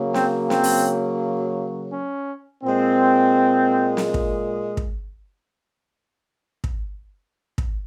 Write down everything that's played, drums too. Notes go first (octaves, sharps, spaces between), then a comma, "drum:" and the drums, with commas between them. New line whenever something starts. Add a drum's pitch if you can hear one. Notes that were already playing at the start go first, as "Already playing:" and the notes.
Already playing: C#3 F#3 A#3
C4, drum: snare
C4, drum: snare
drum: open hi-hat
C#4
A#2 G#3 C4
drum: snare
drum: kick
drum: kick
drum: kick
drum: kick